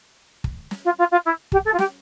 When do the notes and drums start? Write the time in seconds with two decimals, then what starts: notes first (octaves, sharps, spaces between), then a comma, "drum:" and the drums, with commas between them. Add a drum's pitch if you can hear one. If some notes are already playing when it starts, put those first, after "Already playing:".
0.44 drum: kick
0.71 drum: snare
0.84 F4
0.98 F4
1.11 F4
1.25 E4
1.52 G4, drum: kick
1.65 A4
1.73 F4
1.79 G4, drum: snare